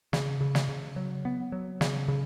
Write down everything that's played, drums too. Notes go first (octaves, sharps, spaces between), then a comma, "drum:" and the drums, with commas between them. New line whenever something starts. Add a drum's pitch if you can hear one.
C#3, drum: snare
C#3
drum: snare
C#3
F#3
B3
F#3
C#3, drum: snare
C#3